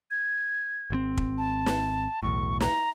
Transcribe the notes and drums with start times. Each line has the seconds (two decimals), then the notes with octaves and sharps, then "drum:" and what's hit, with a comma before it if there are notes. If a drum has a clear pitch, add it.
0.11 G#6
0.90 G#1 C#3 C4
1.17 drum: kick
1.38 A5
1.66 drum: snare
2.23 B1 E2 A2 C#6
2.60 A#5, drum: snare